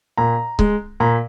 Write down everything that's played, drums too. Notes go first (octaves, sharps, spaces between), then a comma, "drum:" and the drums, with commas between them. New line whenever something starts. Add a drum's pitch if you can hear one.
A#2 A#5
G#3, drum: kick C#1
A#2 A#5